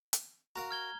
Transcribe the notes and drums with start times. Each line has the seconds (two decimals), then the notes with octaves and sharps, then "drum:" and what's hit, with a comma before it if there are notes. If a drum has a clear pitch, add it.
0.13 drum: hi-hat
0.56 F#4 A#4 F5 A#5
0.71 F6 G#6 G7